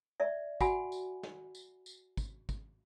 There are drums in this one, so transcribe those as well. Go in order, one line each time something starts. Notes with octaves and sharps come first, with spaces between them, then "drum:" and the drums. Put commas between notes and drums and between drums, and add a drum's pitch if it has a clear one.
D5 E5
F#4 F#5 G#5 B5, drum: kick, tambourine
drum: tambourine
drum: snare
drum: tambourine
drum: tambourine
drum: kick, tambourine
drum: kick, tambourine